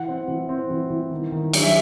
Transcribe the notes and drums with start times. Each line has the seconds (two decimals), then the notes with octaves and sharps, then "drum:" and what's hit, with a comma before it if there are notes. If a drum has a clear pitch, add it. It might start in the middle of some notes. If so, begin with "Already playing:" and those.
Already playing: E3 F#5
0.08 C4
0.28 E3
0.49 C4
0.71 E3
0.90 E3
1.11 D#3
1.32 D#3
1.53 F#3, drum: cymbal
1.63 E5